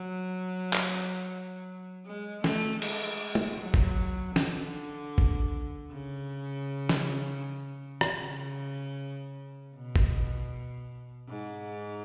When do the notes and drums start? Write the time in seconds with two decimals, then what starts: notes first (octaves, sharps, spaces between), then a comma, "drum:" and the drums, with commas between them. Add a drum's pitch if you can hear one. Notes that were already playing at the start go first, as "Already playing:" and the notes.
Already playing: F#3
0.73 drum: clap
2.06 G#3
2.44 A3, drum: snare
2.82 G#3, drum: cymbal
3.35 drum: tom
3.59 F#3
3.74 drum: kick G#1
4.36 D3, drum: snare
5.18 drum: kick G#1
5.90 C#3
6.89 drum: snare
8.01 drum: rim click
8.21 C#3
9.75 B2
9.96 drum: kick G#1
11.29 G#2